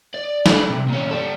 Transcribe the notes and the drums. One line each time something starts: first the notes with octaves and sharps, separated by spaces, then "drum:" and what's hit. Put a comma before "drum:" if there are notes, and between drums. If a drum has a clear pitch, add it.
D5
B5, drum: snare
C3
A#2 C#4
G3 A4